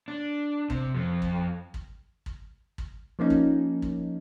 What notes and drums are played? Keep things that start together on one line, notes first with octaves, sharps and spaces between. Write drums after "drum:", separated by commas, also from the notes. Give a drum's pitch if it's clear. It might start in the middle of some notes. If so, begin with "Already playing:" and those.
D4
C3, drum: kick
F2
drum: kick
drum: kick
drum: kick
drum: kick
F3 A#3 C#4 D#4
drum: kick
drum: kick